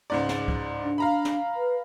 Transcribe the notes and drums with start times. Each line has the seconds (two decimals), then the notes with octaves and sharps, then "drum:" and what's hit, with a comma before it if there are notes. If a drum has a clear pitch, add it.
0.10 C#2 G#2 D5
0.29 drum: snare
0.48 drum: kick C2
0.82 D4
0.98 F5 A#5 B5
1.25 drum: snare
1.56 B4